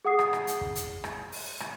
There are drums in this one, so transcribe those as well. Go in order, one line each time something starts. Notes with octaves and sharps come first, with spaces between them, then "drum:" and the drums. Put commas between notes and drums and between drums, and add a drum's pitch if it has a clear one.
G#4 F#5 D#6 C7
drum: rim click
drum: rim click
drum: hi-hat
drum: kick
drum: hi-hat
drum: rim click
drum: open hi-hat
drum: rim click